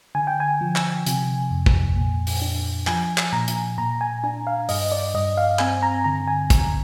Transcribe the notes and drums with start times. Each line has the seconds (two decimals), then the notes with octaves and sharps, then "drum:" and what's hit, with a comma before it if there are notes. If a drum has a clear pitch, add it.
0.15 D3 G#5
0.27 G5
0.40 G#5
0.61 F3
0.76 drum: clap
1.06 C3, drum: hi-hat
1.51 F2
1.66 drum: kick
1.96 A#2
2.27 drum: open hi-hat
2.42 D4
2.87 F3 G#5, drum: clap
3.18 drum: clap
3.32 A#2 A#5
3.48 drum: hi-hat
3.78 A#2 A#5
4.01 G#5
4.24 D4 G#5
4.47 F5
4.69 G2 D#5, drum: open hi-hat
4.92 D5
5.14 G2 D#5
5.37 F5
5.59 C4 G#5, drum: clap
5.83 A#5
6.04 D3 A#5
6.27 G#5
6.50 drum: kick, hi-hat